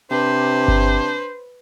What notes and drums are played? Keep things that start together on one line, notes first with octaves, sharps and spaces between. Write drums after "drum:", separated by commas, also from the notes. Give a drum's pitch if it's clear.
C3 D4 B4 C5
drum: kick G1